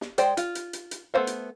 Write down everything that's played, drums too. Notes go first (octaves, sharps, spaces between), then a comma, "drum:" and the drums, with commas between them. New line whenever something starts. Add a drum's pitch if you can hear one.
drum: snare
G#3 C5 D5 G5, drum: hi-hat
F4, drum: hi-hat
drum: hi-hat
drum: hi-hat
drum: hi-hat
A3 B3 F#4 C5 F5
drum: hi-hat